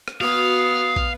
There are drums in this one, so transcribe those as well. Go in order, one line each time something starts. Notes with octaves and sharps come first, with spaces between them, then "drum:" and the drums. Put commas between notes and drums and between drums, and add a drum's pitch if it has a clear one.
drum: rim click
B3 F#4 F5 D#6
drum: kick